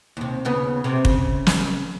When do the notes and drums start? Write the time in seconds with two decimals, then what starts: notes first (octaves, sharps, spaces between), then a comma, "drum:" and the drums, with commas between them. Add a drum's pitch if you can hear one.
0.17 D#2 C3
0.45 D#2 C#3 B3
0.84 C3
1.05 C#3, drum: kick
1.47 drum: snare